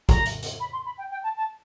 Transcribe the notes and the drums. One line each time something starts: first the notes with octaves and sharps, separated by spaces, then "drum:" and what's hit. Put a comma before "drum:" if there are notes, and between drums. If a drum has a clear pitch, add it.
A#5, drum: kick, hi-hat
drum: hi-hat
drum: hi-hat
B5
C6
B5
G5
G5
A5
A5